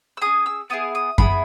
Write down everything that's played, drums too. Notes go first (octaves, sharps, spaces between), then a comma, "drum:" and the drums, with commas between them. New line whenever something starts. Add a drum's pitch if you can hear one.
E6
C#4 G#4 D#6
E6
B3 E4 G#4 D#6
D#6
B3 E4 G#4 B5, drum: kick F#2